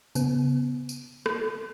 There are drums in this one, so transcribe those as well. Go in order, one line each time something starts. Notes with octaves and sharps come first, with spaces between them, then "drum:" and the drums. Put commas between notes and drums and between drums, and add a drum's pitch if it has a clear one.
C#3 B3, drum: tambourine
drum: tambourine
drum: rim click